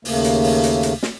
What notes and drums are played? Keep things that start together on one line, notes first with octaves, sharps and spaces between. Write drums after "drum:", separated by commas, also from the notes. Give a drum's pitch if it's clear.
D#2 C#3 A3 A#3, drum: open hi-hat
drum: hi-hat
drum: open hi-hat
drum: hi-hat
drum: hi-hat
drum: snare